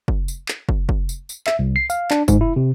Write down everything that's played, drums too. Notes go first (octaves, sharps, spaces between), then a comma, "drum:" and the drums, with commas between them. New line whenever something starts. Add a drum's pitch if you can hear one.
drum: kick
drum: tambourine
drum: clap
drum: kick
drum: kick
drum: tambourine
drum: tambourine
E5, drum: clap
C2
C7
F5, drum: tambourine
D4, drum: clap
G#2, drum: kick, tambourine
E4
C3